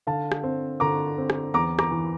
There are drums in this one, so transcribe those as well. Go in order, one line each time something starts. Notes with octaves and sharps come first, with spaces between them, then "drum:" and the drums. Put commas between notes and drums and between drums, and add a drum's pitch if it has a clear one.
D3 F5 A5
drum: rim click
C4
D3 A#5 D6
C4
drum: rim click
E2 A#5 D6
A#5 D6, drum: rim click
E3